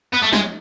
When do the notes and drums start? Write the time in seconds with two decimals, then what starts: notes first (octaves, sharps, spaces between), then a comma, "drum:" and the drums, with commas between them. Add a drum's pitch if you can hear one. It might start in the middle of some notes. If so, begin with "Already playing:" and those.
0.13 B3
0.22 A3
0.33 G#3, drum: snare